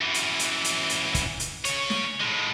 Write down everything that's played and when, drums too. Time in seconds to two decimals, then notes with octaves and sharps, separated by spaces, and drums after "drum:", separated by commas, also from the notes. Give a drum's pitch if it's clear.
0.01 F#2 E3
0.14 drum: hi-hat
0.39 drum: hi-hat
0.64 drum: hi-hat
0.90 drum: hi-hat
1.15 drum: kick, hi-hat
1.40 drum: hi-hat
1.65 C#3 C#5, drum: hi-hat
1.90 drum: snare
2.20 A2 G#3